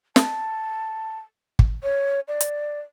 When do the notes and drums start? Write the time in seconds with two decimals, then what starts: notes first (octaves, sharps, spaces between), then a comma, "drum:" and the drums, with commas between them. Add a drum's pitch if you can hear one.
0.16 A5, drum: snare
1.59 drum: kick
1.83 C#5
2.28 D5
2.41 drum: hi-hat